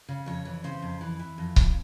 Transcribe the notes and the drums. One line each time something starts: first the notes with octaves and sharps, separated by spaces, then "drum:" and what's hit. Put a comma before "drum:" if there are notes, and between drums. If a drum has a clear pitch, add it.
C#3
F2 C#5
E3
C#3 C5
F2
E3
E3
F2
F2, drum: kick C#1